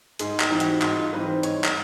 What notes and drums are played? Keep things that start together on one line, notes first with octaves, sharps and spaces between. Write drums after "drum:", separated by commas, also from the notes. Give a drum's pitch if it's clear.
G#2 G#4, drum: hi-hat
G4, drum: clap
E3 G3 C4 D#4
F#4, drum: hi-hat
G#2 F#4, drum: clap
F4
E3 G3 C4 D#4 B4
C5
G#2 C#5, drum: hi-hat
drum: clap